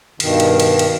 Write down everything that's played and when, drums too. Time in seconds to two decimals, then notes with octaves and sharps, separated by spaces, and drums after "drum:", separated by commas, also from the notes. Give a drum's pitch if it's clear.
0.20 G2 B2 D#3, drum: cymbal
0.40 drum: cymbal
0.60 drum: cymbal
0.79 drum: cymbal